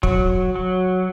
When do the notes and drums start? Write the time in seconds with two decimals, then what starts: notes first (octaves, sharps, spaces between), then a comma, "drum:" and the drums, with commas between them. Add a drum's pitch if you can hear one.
0.03 F#3, drum: kick
0.56 F#3